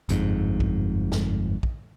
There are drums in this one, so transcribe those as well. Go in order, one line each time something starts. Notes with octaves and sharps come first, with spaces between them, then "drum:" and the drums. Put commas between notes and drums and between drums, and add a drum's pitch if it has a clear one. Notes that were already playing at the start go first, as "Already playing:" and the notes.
G1 F2 G#2, drum: hi-hat
drum: kick
drum: snare
drum: kick